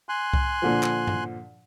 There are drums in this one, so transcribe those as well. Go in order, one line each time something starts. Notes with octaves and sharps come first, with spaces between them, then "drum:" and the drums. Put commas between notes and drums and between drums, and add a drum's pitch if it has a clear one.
G#5 C6 F#6
drum: kick C2
A#2 D3 F3
drum: clap
drum: tom G2